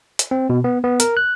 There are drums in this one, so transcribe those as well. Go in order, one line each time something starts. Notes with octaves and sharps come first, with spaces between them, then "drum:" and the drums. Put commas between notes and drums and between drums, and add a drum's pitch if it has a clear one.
drum: hi-hat
C4
B2
B3
B3
A#4, drum: hi-hat
F#6